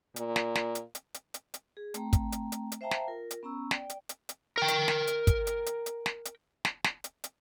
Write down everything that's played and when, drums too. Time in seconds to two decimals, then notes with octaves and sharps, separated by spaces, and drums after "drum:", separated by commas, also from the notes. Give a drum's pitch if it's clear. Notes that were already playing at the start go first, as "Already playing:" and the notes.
0.16 A#2, drum: hi-hat
0.36 drum: snare
0.55 drum: snare
0.75 drum: hi-hat
0.95 drum: hi-hat
1.14 drum: hi-hat
1.34 drum: hi-hat
1.54 drum: hi-hat
1.77 G#4
1.94 A3 C4 G5 A#5, drum: hi-hat
2.13 drum: kick, hi-hat
2.32 drum: hi-hat
2.52 drum: hi-hat
2.72 drum: hi-hat
2.81 C5 E5 F5 G5 A5 A#5
2.91 drum: snare
3.08 F4 A#4
3.31 drum: hi-hat
3.43 B3 C#4 A#5 C#6 E6
3.71 D5 G5, drum: snare
3.90 drum: hi-hat
4.09 drum: hi-hat
4.29 drum: hi-hat
4.58 A#4 G5
4.68 drum: hi-hat
4.88 drum: snare
5.07 drum: hi-hat
5.27 drum: kick, hi-hat
5.47 drum: hi-hat
5.66 drum: hi-hat
5.86 drum: hi-hat
6.06 drum: snare
6.25 drum: hi-hat
6.65 drum: snare
6.84 drum: snare
7.04 drum: hi-hat
7.24 drum: hi-hat